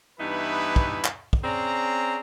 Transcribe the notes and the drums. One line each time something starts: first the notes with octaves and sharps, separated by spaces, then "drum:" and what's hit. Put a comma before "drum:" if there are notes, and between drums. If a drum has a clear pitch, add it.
G2 E3 B3 D#4 E4 B4
drum: kick
drum: clap
drum: kick
C4 C#4 G#4 D5 A#5